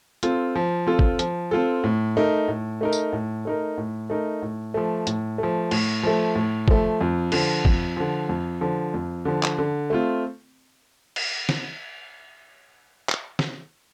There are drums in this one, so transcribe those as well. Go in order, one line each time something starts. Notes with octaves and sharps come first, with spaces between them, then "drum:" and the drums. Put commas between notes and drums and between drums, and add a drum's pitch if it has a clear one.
C4 F4 A4, drum: hi-hat
F3
C4 F4 A4
drum: kick
F3, drum: hi-hat
C4 F4 A4
A2
A3 D#4 A#4
A2
A3 D#4 A#4
drum: tambourine
A2
A3 D#4 A#4
A2
A3 D#4 A#4
A2
F3 A3
A2, drum: hi-hat
F3 A3
A2, drum: cymbal
F3 A3
A2
F3 A3, drum: kick
F2
D3 F3, drum: cymbal
F2, drum: kick
D3 F3
F2
D3 F3
F2
D3 F3
drum: clap
D3
A3 C4 F4
drum: cymbal
drum: snare
drum: clap
drum: snare